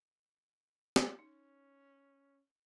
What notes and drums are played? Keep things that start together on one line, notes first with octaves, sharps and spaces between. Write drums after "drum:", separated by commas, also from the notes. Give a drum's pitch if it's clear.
drum: snare
C#4 D#4